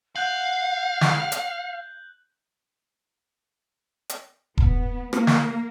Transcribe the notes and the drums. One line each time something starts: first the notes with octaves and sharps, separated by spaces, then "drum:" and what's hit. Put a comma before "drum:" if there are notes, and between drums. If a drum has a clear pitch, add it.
F5 F#5 F#6 G6 F#7
drum: snare
drum: hi-hat
drum: hi-hat
B3, drum: kick E1
A#3, drum: rim click
drum: snare